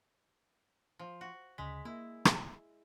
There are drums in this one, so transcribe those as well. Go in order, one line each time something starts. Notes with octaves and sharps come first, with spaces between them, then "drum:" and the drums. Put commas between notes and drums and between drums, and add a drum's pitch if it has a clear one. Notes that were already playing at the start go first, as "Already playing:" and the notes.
F3
F#4
D2 C#3 G#3 B6
A#3 E4
drum: rim click